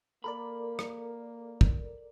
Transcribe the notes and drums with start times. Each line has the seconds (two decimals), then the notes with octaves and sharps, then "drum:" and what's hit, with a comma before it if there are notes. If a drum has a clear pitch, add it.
0.24 A#3 A4 A#4 D5 B5
0.79 drum: rim click
1.61 drum: kick